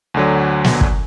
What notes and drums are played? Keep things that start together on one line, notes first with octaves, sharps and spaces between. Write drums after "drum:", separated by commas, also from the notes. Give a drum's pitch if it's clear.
D2 D3 F#3
drum: snare
drum: kick